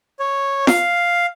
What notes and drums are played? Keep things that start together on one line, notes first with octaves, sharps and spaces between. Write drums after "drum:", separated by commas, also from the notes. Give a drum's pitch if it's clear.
C#5
F5, drum: snare F4